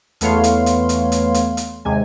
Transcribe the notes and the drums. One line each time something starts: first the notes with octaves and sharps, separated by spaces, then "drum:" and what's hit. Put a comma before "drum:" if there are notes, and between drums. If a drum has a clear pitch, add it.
E2 A3 B3 C#5 F5 C6, drum: hi-hat
drum: hi-hat
drum: hi-hat
drum: hi-hat
drum: hi-hat
drum: hi-hat
drum: hi-hat
D#2 C3 G#3 G#5